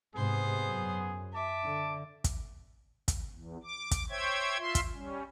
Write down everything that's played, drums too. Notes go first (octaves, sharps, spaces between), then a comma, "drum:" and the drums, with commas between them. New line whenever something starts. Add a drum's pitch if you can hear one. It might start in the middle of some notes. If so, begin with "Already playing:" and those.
G#2 C3 B3 G#4 C5
F#2
E5 A5 D6
D3
drum: kick, hi-hat
drum: kick, hi-hat
E2
D6
drum: kick, hi-hat
C5 C#5 E5 G5 G#6
F4 E5 C6
drum: kick, hi-hat
G3 C#4